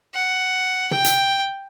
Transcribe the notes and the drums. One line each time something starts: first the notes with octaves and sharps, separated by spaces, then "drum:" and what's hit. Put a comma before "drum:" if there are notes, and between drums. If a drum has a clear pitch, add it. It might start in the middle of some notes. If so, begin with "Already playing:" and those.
F#5
G5, drum: tom
drum: hi-hat